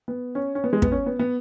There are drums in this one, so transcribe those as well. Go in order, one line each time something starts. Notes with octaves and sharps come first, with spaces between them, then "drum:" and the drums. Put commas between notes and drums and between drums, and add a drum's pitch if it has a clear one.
B3
C#4
C#4
B3
G#3
B3, drum: kick
C#4
B3
B3